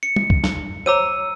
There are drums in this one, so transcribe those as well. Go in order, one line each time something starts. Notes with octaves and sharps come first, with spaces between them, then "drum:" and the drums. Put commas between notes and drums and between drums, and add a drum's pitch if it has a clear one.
C#7
drum: tom G3
drum: kick
drum: snare
C5 C#5 A#5 D6 E6 D#7